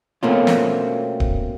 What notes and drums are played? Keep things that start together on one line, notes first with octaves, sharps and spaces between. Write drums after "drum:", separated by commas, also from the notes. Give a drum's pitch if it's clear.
B2 A3 A#3 C4 C#4 F4
drum: snare
drum: kick D1